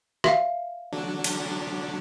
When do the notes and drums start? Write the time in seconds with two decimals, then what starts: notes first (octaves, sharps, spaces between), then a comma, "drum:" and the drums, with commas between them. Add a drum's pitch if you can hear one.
0.24 E5 F5, drum: rim click
0.92 D3 F#3 D4
1.24 drum: cymbal